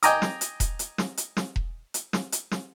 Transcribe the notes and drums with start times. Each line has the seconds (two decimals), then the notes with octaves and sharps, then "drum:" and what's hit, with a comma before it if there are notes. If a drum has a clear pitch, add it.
0.03 D#5 G5 G#5 A#5 D6 D#6, drum: hi-hat
0.22 drum: snare
0.41 drum: hi-hat
0.60 drum: kick E1, hi-hat
0.79 drum: hi-hat
0.98 drum: snare
1.17 drum: hi-hat
1.37 drum: snare
1.56 drum: kick E1
1.94 drum: hi-hat
2.13 drum: snare
2.32 drum: hi-hat
2.51 drum: snare